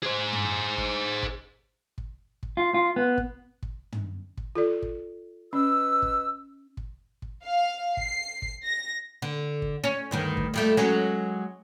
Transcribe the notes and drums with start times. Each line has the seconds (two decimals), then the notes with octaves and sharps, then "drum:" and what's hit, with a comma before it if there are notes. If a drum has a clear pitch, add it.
0.03 G#4 C5
0.33 drum: tom
0.78 drum: kick
1.23 drum: kick
1.98 drum: kick
2.43 drum: kick
2.57 F4
2.74 F4
2.96 B3
3.18 drum: kick
3.63 drum: kick
3.92 drum: tom
4.37 drum: kick
4.56 F4 A4 D5
4.82 drum: kick
5.53 C#4 B4 D#5 E6
6.02 drum: kick
6.77 drum: kick
7.22 drum: kick
7.44 F5
7.97 C7, drum: kick
8.42 drum: kick
8.65 A#6
9.22 D3
9.62 drum: kick
9.84 C#4
10.11 D2 G2 D#3
10.37 drum: kick
10.54 F2 G3 A3
10.77 F#3 G#3 C#4